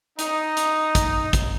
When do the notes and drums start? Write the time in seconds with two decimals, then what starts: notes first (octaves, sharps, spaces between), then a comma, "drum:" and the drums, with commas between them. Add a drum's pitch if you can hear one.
0.19 D#4, drum: hi-hat
0.57 drum: hi-hat
0.95 drum: kick, hi-hat
1.33 drum: kick, hi-hat